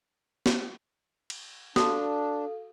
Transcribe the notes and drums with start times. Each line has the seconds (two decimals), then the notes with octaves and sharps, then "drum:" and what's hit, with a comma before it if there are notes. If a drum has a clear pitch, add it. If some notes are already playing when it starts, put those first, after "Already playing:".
0.46 drum: snare
1.30 drum: cymbal
1.76 D4 F#4 A4 F5 D#6, drum: snare